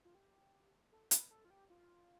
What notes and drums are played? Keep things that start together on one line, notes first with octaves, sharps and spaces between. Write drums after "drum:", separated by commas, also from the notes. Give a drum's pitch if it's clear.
F4
G4
A4
B4, drum: hi-hat
A4
F4
G4
F4